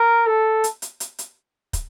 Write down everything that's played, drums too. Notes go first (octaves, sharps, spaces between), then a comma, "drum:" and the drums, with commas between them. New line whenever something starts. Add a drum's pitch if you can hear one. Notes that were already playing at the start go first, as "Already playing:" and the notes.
Already playing: A#4
A4
drum: hi-hat
drum: hi-hat
drum: hi-hat
drum: hi-hat
drum: kick, hi-hat